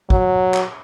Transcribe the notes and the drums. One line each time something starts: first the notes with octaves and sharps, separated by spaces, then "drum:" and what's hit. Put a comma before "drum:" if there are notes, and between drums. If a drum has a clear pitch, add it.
F#3, drum: kick G#1
drum: clap